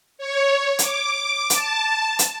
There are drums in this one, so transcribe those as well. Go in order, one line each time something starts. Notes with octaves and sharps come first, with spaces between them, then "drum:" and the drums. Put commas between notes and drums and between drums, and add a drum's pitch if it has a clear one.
C#5
D6, drum: hi-hat
A5, drum: hi-hat
drum: hi-hat